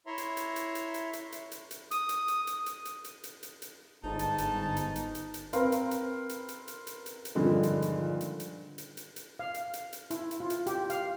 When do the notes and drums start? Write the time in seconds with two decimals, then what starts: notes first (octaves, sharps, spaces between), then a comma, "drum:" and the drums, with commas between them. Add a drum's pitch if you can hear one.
0.07 E4 C#5 E5 A#5 C6
0.18 drum: hi-hat
0.37 drum: hi-hat
0.56 drum: hi-hat
0.75 drum: hi-hat
0.94 drum: hi-hat
1.13 drum: hi-hat
1.32 drum: hi-hat
1.52 drum: hi-hat
1.71 drum: hi-hat
1.91 D#6, drum: hi-hat
2.09 drum: hi-hat
2.28 drum: hi-hat
2.47 drum: hi-hat
2.66 drum: hi-hat
2.85 drum: hi-hat
3.04 drum: hi-hat
3.24 drum: hi-hat
3.43 drum: hi-hat
3.62 drum: hi-hat
4.03 G1 G#2 D#4 A5
4.19 drum: hi-hat
4.38 drum: hi-hat
4.76 drum: hi-hat
4.96 drum: hi-hat
5.15 drum: hi-hat
5.34 drum: hi-hat
5.53 C4 A#4 B4 F5 C6, drum: hi-hat
5.72 drum: hi-hat
5.91 drum: hi-hat
6.29 drum: hi-hat
6.49 drum: hi-hat
6.68 drum: hi-hat
6.87 drum: hi-hat
7.06 drum: hi-hat
7.25 drum: hi-hat
7.35 G2 A#2 D3 D#3 F3 G#3
7.63 drum: hi-hat
7.82 drum: hi-hat
8.21 drum: hi-hat
8.40 drum: hi-hat
8.78 drum: hi-hat
8.97 drum: hi-hat
9.16 drum: hi-hat
9.39 F5
9.54 drum: hi-hat
9.73 drum: hi-hat
9.93 drum: hi-hat
10.10 E4, drum: hi-hat
10.31 drum: hi-hat
10.40 F4
10.50 drum: hi-hat
10.67 G4, drum: hi-hat
10.90 F5, drum: hi-hat